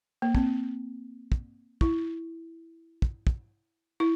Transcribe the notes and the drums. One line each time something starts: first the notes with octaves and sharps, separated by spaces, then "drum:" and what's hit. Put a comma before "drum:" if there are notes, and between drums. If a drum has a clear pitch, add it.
A#3
C4, drum: kick
drum: kick
E4, drum: kick
drum: kick
drum: kick
E4